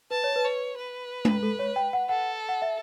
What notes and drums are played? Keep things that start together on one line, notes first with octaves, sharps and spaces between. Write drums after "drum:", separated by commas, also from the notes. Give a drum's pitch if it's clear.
B4 A5
C#5
B4
C#5
B4
drum: tom G#3
A4
C#5
G5
F#5
A4 F#5
F#5
E5